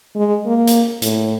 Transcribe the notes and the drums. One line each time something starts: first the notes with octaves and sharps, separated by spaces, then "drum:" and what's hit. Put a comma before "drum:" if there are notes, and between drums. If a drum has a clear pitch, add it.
G#3
A#3
drum: hi-hat
A2, drum: hi-hat